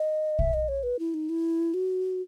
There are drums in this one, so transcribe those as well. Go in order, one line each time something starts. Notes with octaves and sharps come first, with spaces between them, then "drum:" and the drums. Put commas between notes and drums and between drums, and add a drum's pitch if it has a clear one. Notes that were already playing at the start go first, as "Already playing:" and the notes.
Already playing: D#5
E5, drum: kick
D#5
C#5
B4
E4
D#4
E4
F#4